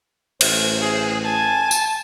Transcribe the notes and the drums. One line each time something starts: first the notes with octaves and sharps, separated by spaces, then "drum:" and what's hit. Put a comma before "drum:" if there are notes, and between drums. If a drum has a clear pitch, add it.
A1 C5, drum: cymbal
G#4
G#5 A5
drum: tambourine